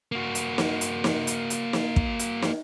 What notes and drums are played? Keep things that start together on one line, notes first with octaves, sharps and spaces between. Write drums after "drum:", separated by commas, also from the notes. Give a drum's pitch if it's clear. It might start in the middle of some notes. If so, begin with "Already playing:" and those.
A#3 F#4
drum: hi-hat
drum: snare
drum: hi-hat
drum: snare
drum: hi-hat
drum: hi-hat
drum: snare
drum: kick
drum: hi-hat
drum: snare